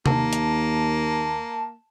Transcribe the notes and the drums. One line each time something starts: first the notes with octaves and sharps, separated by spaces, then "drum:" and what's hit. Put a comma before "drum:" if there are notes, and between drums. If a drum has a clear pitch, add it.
D#2 A#3 A5, drum: tom C3
drum: hi-hat